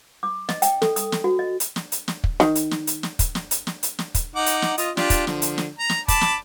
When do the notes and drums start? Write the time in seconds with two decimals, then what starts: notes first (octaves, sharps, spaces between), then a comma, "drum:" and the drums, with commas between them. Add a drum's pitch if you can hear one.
0.23 D6
0.49 D#5, drum: snare
0.62 G5, drum: hi-hat
0.82 A4, drum: snare
0.96 D#6, drum: hi-hat
1.12 drum: snare
1.24 F#4
1.39 D#5
1.60 drum: hi-hat
1.76 drum: snare
1.92 drum: hi-hat
2.08 drum: snare
2.24 drum: kick
2.40 D#3, drum: snare
2.55 drum: hi-hat
2.71 drum: snare
2.87 drum: hi-hat
3.03 drum: snare
3.19 drum: kick, hi-hat
3.35 drum: snare
3.51 drum: hi-hat
3.67 drum: snare
3.83 drum: hi-hat
3.99 drum: snare
4.15 drum: kick, hi-hat
4.36 D#4 F#5 D6
4.46 drum: hi-hat
4.62 drum: snare
4.78 F4 D#5, drum: hi-hat
4.97 D4 F4 G4, drum: snare
5.10 drum: kick, hi-hat
5.27 D3 F3, drum: snare
5.42 drum: hi-hat
5.58 drum: snare
5.78 A#5
5.89 drum: snare
6.08 A5 B5 D6, drum: kick, hi-hat
6.21 drum: snare